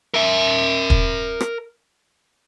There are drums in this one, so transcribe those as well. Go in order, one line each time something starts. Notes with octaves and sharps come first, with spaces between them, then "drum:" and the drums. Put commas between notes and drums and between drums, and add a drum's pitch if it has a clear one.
A#4 E5
drum: kick
drum: rim click